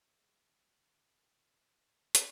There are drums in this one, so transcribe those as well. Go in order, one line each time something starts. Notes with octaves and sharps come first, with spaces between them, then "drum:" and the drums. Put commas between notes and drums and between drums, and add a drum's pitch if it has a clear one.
G#3
D#3
D3
C3
B2
C3
D3
drum: hi-hat